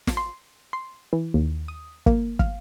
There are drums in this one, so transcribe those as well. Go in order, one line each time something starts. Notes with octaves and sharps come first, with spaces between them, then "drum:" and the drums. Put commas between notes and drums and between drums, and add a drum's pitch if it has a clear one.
drum: snare
C6
C6
E3
D#2
D#6
A#3, drum: kick
F5, drum: kick